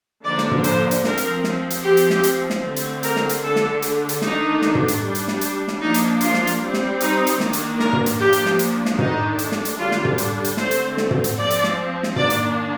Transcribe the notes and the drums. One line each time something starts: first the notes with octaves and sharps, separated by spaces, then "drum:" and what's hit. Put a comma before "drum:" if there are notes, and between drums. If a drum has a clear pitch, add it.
D3 F3 A#3 D4 D5
drum: snare
drum: tom
C5, drum: hi-hat
drum: hi-hat
F3 C4 A#4, drum: snare
drum: hi-hat
drum: snare
drum: hi-hat
F3 C4 G4
drum: hi-hat
drum: snare
drum: hi-hat
drum: snare
D3 A3 C4
drum: hi-hat
A#4, drum: hi-hat
drum: snare
drum: hi-hat
D3 A3 D4 A4
drum: snare
drum: hi-hat
drum: hi-hat
D#3 A3 D4 D#4, drum: snare
drum: snare
drum: tom
drum: hi-hat
G3 D4
drum: hi-hat
drum: snare
drum: hi-hat
drum: snare
F3 A#3 D4 D#4
drum: hi-hat
F4, drum: hi-hat
drum: snare
drum: hi-hat
G3 C4
drum: snare
D#4, drum: hi-hat
drum: hi-hat
D#3 A#3 D4, drum: snare
drum: hi-hat
A#4, drum: snare
drum: tom
drum: hi-hat
F3 A#3 D4 G4
drum: hi-hat
drum: snare
drum: hi-hat
drum: snare
D#3 A3 D4 D#4, drum: tom
drum: hi-hat
drum: snare
drum: hi-hat
D3 G3 D4 F4
drum: snare
drum: tom
drum: hi-hat
drum: hi-hat
D3 A3 C4 C5, drum: snare
drum: hi-hat
drum: snare
drum: tom
drum: hi-hat
F3 C4 D5
drum: hi-hat
drum: snare
drum: snare
D#3 A#3 D4 D5, drum: tom
drum: hi-hat